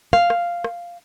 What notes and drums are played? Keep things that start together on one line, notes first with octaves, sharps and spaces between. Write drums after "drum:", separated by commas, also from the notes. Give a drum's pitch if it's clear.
F5, drum: rim click
drum: rim click
drum: rim click